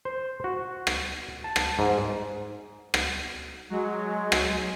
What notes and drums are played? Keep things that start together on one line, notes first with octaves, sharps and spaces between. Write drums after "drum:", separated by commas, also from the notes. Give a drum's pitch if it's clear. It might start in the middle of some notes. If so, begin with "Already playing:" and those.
C5
F#4
drum: rim click
A5
drum: rim click
G#2
drum: rim click
F#3 G#3
drum: rim click